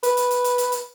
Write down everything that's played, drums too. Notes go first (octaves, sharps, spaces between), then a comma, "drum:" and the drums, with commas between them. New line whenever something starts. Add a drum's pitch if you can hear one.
B4, drum: hi-hat
drum: hi-hat
drum: hi-hat
drum: hi-hat
drum: hi-hat
drum: hi-hat